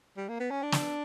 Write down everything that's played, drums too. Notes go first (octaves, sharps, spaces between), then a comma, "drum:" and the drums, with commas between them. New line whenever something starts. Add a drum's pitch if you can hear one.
G3
A#3
B3
C#4
D4
drum: snare